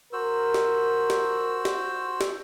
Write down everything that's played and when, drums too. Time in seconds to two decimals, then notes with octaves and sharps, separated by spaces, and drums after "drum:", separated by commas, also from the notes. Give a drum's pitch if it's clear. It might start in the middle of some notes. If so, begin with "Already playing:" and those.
0.13 F#4 A#4 C5 E6
0.54 drum: snare
1.10 drum: snare
1.65 drum: snare
2.21 drum: snare